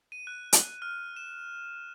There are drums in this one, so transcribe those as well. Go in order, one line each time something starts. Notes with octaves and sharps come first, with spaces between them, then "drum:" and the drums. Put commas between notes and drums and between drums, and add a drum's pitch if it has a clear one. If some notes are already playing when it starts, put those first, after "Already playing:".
D#7
F#6
drum: hi-hat
F6
E7